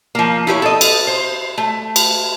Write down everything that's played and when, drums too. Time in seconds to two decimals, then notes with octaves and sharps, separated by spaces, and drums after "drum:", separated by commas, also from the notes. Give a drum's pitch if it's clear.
0.15 F3 A#3
0.47 E4 G4 B4 C#5
0.62 A4 D#5
0.81 drum: cymbal
1.07 C5
1.58 A3
1.96 drum: cymbal